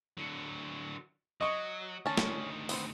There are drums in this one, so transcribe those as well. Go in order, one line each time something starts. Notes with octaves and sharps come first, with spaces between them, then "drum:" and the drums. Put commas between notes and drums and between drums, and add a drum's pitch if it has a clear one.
D3 F#3
F#3 D#5 C#6
D2 D#3 C#4 A5
drum: snare
B3 C4 C5, drum: open hi-hat